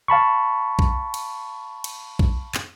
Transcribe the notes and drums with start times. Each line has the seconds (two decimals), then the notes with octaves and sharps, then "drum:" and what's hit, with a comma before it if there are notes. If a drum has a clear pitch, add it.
0.08 F5 A5 B5 C#6
0.79 drum: kick A#1
1.14 drum: cymbal
1.84 drum: cymbal
2.19 drum: kick A#1
2.55 drum: clap